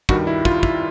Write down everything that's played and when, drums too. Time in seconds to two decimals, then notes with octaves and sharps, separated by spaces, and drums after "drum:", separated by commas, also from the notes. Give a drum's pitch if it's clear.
0.09 G2 D#3 G3 F#4, drum: kick
0.27 E4
0.45 F4, drum: kick
0.63 E4, drum: kick